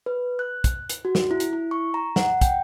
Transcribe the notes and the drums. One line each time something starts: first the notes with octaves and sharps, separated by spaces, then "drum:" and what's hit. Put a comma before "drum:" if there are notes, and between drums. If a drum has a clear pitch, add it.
B4
F#6
drum: kick, hi-hat
drum: hi-hat
F#4
drum: snare
E4
drum: hi-hat
E4
C#6
A#5
F#5, drum: snare
G5, drum: kick, hi-hat